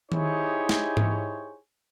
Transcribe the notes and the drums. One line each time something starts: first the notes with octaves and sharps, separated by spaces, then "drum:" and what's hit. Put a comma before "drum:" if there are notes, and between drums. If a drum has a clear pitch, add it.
D#4 E4 G4 G#4 C5 C#5, drum: tom D#3
drum: snare
drum: tom G#2